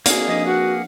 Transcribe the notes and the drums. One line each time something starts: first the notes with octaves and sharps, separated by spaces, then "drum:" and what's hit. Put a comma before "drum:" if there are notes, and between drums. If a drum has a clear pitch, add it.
A#3 C4 F#4 G#4, drum: hi-hat
F3 C4 D4 D#5
F#4 B4 F5 F#5